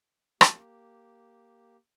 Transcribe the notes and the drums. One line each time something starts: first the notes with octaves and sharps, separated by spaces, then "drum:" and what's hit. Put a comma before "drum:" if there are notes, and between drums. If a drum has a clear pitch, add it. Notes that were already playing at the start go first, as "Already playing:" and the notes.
A#3 G4, drum: rim click